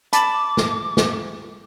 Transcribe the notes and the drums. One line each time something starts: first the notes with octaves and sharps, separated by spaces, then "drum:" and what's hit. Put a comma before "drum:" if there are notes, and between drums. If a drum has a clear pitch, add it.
A5 B5 D6, drum: hi-hat
drum: snare
drum: snare